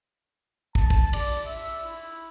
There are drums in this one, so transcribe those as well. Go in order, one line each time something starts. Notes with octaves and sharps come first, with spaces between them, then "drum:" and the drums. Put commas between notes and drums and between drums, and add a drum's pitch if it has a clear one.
A5, drum: kick
drum: kick
D5, drum: cymbal
E5
E4